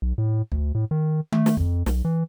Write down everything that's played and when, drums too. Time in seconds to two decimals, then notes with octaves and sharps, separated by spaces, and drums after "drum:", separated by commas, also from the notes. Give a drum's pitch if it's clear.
0.02 B1
0.18 A2
0.52 D2, drum: kick
0.75 A2
0.91 D#3
1.32 A3, drum: tom D#3
1.46 drum: snare
1.57 F2, drum: kick
1.86 B1, drum: snare
2.05 E3